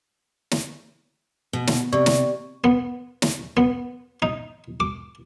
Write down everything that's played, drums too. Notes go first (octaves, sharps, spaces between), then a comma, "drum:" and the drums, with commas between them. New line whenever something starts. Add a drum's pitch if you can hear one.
drum: snare
B2
drum: snare
C3 D5 C#6
drum: snare
B3
drum: snare
B3
D#4
D6